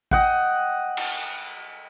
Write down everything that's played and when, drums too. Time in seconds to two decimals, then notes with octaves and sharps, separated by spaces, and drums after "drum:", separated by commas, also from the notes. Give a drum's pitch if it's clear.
0.11 D#5 F#5 G5, drum: kick
0.97 drum: cymbal